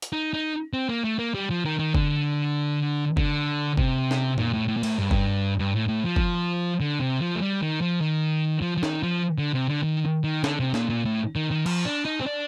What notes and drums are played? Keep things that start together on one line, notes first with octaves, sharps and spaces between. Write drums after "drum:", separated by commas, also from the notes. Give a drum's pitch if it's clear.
drum: hi-hat
D#4
D#4
C4
A#3
A3
A#3
G3
F3
D#3
D#3
D3, drum: kick
D3, drum: kick
C3, drum: kick
drum: snare
A#2, drum: tom F2
A2
A2
A#2
A2, drum: cymbal
G2
drum: kick
G2
A2
A2
F3
drum: kick
D3
C3
F3
A3
G3
D#3
F3
D#3
F3
F3
D#3, drum: snare
F3
D3
C3
D3
D#3
D#3
D3, drum: snare
C3
A#2, drum: snare
A#2
A2
D#3
D#3
F3, drum: cymbal
D4
D#4
C4
D4